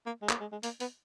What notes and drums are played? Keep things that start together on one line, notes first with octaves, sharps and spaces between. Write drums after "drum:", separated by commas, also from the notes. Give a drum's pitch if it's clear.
A#3
G#3
A#3, drum: clap
G#3
G#3
A#3, drum: open hi-hat
B3, drum: open hi-hat